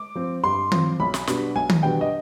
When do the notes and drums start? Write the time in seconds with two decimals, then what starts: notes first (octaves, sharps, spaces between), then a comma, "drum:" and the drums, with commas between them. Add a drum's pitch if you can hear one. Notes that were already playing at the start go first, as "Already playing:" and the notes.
Already playing: D6
0.15 F3 C4
0.44 G2 C6
0.72 F3 C4, drum: tom D#3
1.00 B1 B5
1.14 drum: snare
1.27 B2 G3 B3 D4, drum: snare
1.55 B1 G#5
1.70 drum: tom D#3
1.83 B2 G3 B3 D4 G5
2.01 D#5